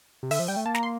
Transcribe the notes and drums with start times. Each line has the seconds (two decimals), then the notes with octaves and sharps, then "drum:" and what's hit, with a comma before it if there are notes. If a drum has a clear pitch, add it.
0.23 C3
0.31 D3 E5, drum: open hi-hat
0.39 F3
0.48 G3 G5
0.57 A3
0.66 A#3 A5
0.75 A#5, drum: snare
0.83 C6